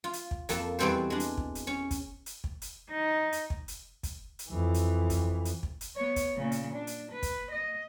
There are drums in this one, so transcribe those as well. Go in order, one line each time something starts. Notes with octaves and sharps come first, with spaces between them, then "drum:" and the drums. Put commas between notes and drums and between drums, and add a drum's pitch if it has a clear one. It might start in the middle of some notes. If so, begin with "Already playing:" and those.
F4
drum: hi-hat
drum: kick
F2 A#3 A4 A5, drum: hi-hat
E2 B2 G3 C4 A4 C5
G#3 D4
drum: hi-hat
drum: kick
drum: hi-hat
C#4
drum: kick, hi-hat
drum: hi-hat
drum: kick
drum: hi-hat
D#4
drum: hi-hat
drum: kick
drum: hi-hat
drum: kick, hi-hat
drum: hi-hat
F2 E3
drum: hi-hat
drum: kick, hi-hat
drum: hi-hat
drum: kick
drum: hi-hat
B3 C#5
drum: kick, hi-hat
A#2 C#3
drum: hi-hat
D4
drum: hi-hat
B4
drum: kick, hi-hat
D#5